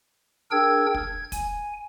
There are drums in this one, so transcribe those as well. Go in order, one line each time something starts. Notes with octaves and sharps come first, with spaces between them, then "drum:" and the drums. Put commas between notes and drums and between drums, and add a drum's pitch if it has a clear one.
D4 G#4 A#4 G5 E6 G#6
G#6, drum: kick
G#5, drum: kick, hi-hat